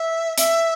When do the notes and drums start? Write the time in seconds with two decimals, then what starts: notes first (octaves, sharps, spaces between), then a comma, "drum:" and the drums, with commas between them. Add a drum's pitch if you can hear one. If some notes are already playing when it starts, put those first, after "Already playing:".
Already playing: E5
0.38 E5, drum: hi-hat